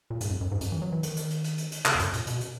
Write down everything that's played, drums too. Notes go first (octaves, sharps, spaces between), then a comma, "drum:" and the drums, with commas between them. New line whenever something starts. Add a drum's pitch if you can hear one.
A#2
G#2, drum: hi-hat
F#2
F#2
G#2
F#2, drum: hi-hat
E3
F#3
E3
D#3, drum: hi-hat
drum: hi-hat
drum: hi-hat
drum: hi-hat
drum: hi-hat
drum: hi-hat
C#3, drum: clap
E2
F#2, drum: hi-hat
A#2, drum: hi-hat
B2, drum: hi-hat
drum: hi-hat